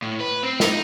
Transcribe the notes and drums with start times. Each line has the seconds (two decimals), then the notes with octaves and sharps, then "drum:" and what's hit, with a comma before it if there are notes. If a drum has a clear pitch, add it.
0.02 A2
0.20 B4
0.43 C4
0.60 D#4, drum: snare